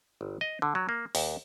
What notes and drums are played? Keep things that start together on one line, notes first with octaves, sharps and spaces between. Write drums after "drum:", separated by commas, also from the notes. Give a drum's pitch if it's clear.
G1
D#5
D3
F#3
A#3
D#2, drum: open hi-hat